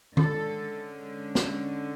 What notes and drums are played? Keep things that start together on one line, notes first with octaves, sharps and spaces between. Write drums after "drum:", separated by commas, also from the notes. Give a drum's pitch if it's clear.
D3 G#3 C#4 A4, drum: tom D#3
drum: snare